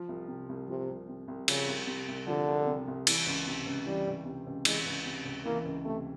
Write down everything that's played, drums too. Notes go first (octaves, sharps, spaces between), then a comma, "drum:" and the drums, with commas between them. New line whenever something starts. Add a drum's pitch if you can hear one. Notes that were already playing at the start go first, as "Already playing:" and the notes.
Already playing: F3
C2
C3
C2
C3 F3
C2
C3
C2
C#3 F3, drum: cymbal
C2
C3
C2
D3 F3
C2
C3
C2
E3, drum: cymbal
C#2
C3
C#2
E3 G3
C#2
C3
C#2
E3 G#3, drum: cymbal
C#2
C3
C#2
E3 A#3
C#2
C3 A3